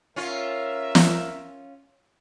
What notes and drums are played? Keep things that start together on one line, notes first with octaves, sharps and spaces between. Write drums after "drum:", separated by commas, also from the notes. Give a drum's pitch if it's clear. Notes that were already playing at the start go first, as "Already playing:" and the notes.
C#4 F4 A#4 E5
drum: snare